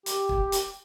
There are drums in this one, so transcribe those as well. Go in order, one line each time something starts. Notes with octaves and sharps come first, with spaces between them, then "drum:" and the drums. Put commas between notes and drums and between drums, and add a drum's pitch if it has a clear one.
G4, drum: hi-hat
drum: kick
drum: hi-hat